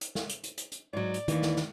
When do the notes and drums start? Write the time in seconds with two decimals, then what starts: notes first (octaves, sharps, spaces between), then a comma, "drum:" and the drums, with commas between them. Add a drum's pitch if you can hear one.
0.01 drum: hi-hat
0.15 drum: snare
0.29 drum: hi-hat
0.43 drum: hi-hat
0.58 drum: hi-hat
0.72 drum: hi-hat
0.93 G#2 F#3 D5
1.14 drum: hi-hat
1.28 D#2 D#3 E3, drum: hi-hat
1.42 drum: snare
1.56 drum: snare